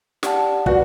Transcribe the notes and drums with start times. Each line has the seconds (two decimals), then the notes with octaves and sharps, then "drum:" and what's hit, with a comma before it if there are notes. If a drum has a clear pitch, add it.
0.23 G4 D5 F#5 A5, drum: snare
0.66 F#4 B4 D5 F#5, drum: kick